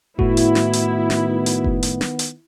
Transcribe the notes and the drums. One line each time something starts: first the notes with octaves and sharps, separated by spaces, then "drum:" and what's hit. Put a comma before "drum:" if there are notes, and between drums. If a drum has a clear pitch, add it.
A2 D#3 B3 E4 F#4, drum: kick F#1
drum: hi-hat
drum: snare
drum: hi-hat
drum: snare
drum: hi-hat
drum: kick F#1
drum: hi-hat
drum: snare
drum: hi-hat